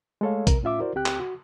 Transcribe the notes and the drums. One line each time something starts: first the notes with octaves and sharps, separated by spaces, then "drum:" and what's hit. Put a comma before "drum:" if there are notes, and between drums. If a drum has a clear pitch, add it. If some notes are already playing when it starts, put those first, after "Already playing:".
G#3 A3 A4 C#5 F5
C3 A#4, drum: kick, hi-hat
A2 C#4 F4 E5 D6
E4 F#4 A#4 C5 D5
D2 C4 G4 G5 F#6
drum: clap
F#4